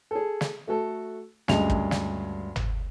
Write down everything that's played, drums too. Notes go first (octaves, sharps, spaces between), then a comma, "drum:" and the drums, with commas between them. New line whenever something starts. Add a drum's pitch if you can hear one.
G#4 A4
drum: snare
A3 F#4 A4
D2 G2 C#3 G#3 D#5 F7, drum: snare
drum: kick
drum: snare
drum: tom